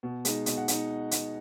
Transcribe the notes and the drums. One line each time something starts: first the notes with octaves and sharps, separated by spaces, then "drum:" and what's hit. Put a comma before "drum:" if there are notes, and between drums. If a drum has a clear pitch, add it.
B2
G#3 D#4, drum: hi-hat
B2 D#5, drum: hi-hat
F#5
G#3 D#4, drum: hi-hat
drum: hi-hat